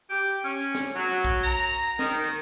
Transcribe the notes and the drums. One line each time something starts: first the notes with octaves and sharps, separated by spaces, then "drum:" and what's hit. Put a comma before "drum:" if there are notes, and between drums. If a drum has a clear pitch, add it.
G4
C#4
drum: snare
F#3
drum: kick A#1, hi-hat
A#5
drum: hi-hat
D#3, drum: snare
drum: hi-hat